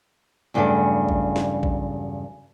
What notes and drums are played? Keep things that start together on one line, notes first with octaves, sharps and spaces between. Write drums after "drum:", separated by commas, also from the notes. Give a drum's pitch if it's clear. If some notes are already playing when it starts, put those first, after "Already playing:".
E2 G2 C#3 F#3 A3 D4
drum: kick A1
drum: snare
drum: kick A1